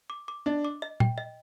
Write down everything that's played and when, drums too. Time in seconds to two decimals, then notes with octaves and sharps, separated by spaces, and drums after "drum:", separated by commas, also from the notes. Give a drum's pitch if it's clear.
0.10 D6
0.28 D6
0.46 D4 D#5
0.65 D6
0.82 D#5
1.00 G5, drum: tom
1.18 D#5